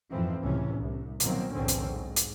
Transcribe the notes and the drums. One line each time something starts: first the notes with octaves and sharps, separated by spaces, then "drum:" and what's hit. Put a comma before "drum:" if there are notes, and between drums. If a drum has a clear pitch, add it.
F2 G#2 E3 F3 C4
C#2 A2 C3 E3 C#4
C2
B2 D#3 F3 F#3 A#3 C4, drum: hi-hat
B1 E2 A2 D3 C4 C#4
drum: hi-hat
G#2
drum: hi-hat